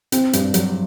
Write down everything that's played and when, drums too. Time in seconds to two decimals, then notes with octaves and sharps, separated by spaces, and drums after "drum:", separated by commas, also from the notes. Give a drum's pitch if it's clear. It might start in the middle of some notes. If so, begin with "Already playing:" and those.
0.12 C4, drum: hi-hat
0.33 G2, drum: hi-hat
0.54 F#3, drum: hi-hat